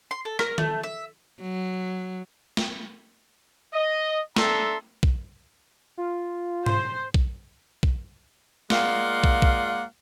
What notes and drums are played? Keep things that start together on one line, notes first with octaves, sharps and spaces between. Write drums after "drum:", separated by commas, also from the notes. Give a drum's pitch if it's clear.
C6
A4
A#4, drum: rim click
A3, drum: tom D#3
E5
F#3
drum: snare
D#5
D4 A4 E5 A#5 C6, drum: snare
drum: kick
F4
C5, drum: tom
drum: kick
drum: kick
G#3 A#3 F4 D5 F#5, drum: snare
drum: kick
drum: kick